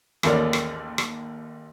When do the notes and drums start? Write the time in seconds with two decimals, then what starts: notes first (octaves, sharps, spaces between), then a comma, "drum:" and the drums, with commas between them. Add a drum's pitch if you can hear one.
0.23 A1 D#2 G#2 A#3 C#5 D5, drum: rim click
0.53 drum: rim click
0.98 drum: rim click